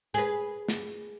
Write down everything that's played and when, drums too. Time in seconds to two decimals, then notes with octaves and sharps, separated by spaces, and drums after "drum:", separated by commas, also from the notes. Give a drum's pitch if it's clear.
0.14 G#4 B4, drum: hi-hat
0.68 drum: snare